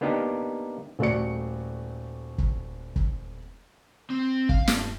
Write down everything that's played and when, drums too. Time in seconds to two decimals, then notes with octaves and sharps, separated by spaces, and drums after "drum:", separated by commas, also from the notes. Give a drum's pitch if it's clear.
0.01 A#3 B3 D4 D#4 G4
0.99 D#1 A3 F#4 D5 C#7
2.38 drum: kick
2.96 drum: kick
4.10 C4
4.49 F5, drum: kick
4.68 G2, drum: snare